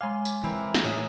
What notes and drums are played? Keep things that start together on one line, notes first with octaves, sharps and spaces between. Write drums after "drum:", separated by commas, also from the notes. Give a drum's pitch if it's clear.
G#3 F5 G#5 C6 D6
drum: tambourine
E3 C4 E4 A#4
drum: snare
A2 G#4 A#4 C#5 E5 D#6 E7